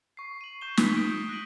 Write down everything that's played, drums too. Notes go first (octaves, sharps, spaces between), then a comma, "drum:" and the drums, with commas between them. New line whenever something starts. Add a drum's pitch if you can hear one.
C#6 C7
D#7 F#7
C#6 G6 E7 G7
B6 C#7 G7, drum: snare
D#6 D7
F#6 A#6 D7 D#7 F#7